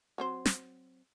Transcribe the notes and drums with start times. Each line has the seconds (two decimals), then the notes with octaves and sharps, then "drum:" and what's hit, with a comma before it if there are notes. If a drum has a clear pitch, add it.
0.18 F#3 C4 C5
0.45 drum: snare